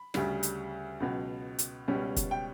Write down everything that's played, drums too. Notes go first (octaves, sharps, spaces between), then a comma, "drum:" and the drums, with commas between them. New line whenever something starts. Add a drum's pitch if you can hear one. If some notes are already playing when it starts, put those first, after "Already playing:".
Already playing: B5
D2 C#3 G3, drum: snare
drum: hi-hat
C#2 B2 F#3
drum: hi-hat
C#2 B2 G3 C#4
drum: kick, hi-hat
G5